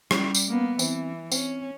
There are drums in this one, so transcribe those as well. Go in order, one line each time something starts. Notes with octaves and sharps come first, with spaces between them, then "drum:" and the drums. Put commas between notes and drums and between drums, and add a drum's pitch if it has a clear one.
G3 C#4, drum: rim click
drum: tambourine
A#3 B3
E3 C4, drum: tambourine
C4 C#4, drum: tambourine